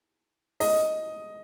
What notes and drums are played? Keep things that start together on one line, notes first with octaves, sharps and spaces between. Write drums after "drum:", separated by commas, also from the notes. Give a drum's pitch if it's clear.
D#5, drum: open hi-hat